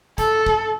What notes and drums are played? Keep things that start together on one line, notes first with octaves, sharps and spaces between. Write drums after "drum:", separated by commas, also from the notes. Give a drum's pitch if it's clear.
A4, drum: kick, hi-hat
drum: kick